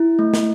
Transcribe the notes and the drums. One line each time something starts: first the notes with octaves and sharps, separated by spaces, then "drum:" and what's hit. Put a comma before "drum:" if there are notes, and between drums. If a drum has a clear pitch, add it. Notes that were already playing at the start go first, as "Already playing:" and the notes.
Already playing: E4
A3
drum: snare